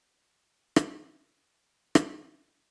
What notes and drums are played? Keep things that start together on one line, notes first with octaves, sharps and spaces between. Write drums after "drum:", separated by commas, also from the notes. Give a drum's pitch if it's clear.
E4 G#5
drum: rim click
drum: rim click